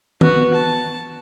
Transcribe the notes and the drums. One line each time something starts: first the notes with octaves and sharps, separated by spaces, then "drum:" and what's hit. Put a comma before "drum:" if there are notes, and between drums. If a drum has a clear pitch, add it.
B3 F#4, drum: tom
A5